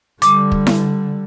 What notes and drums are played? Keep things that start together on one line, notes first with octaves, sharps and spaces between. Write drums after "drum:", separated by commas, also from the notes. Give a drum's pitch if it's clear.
D3 G3 D6, drum: hi-hat
drum: kick
drum: snare E4